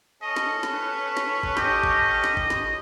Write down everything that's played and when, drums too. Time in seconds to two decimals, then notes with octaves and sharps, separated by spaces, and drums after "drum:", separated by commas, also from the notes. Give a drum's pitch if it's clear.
0.22 C#4 A4 C#5 D#5
0.36 drum: snare
0.63 drum: snare
0.74 B4
1.17 drum: snare
1.43 drum: kick
1.57 G4 D#5, drum: snare
1.83 drum: kick
2.24 drum: snare
2.37 drum: kick
2.50 drum: snare